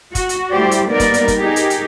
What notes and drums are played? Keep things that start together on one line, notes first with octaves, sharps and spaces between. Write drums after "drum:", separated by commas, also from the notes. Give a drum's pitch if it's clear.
F#4, drum: kick, hi-hat
drum: hi-hat
G3 A3 E4 G4 C5 D5
drum: hi-hat
G3 A#3 B3 D#4 A#4 D5
drum: kick, hi-hat
drum: hi-hat
drum: kick, hi-hat
D#4 G4 G#4 A#4
drum: hi-hat
drum: hi-hat